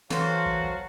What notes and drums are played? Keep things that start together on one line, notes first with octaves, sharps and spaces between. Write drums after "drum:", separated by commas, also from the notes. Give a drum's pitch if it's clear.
E3 F#3 F#4 A4 C5 F5, drum: snare
drum: kick
drum: kick